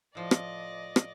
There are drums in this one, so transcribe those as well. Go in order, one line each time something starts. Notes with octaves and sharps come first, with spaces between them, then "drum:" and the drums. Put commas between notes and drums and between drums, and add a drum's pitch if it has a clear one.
A2 F3 D5 D#5
drum: rim click
drum: rim click